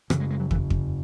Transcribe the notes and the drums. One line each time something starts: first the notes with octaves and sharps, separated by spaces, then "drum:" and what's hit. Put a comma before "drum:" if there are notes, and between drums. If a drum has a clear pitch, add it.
F#2 C#3 E3, drum: rim click
G#3
G#3
F#3
E3, drum: kick
drum: kick